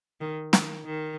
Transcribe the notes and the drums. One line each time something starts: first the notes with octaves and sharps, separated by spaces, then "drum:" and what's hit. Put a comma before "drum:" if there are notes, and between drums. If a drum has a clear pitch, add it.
D#3
D#3, drum: snare
D#3